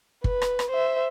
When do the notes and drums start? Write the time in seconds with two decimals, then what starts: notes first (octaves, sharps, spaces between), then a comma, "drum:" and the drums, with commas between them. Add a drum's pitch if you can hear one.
0.24 B4, drum: kick
0.42 drum: rim click
0.59 drum: rim click
0.71 C5 E5